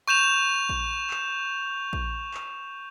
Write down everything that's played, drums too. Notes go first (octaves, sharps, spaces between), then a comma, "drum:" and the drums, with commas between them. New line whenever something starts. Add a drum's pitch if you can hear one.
C#6 G6 E7 F7
drum: kick A#1
drum: clap
drum: kick A#1
drum: clap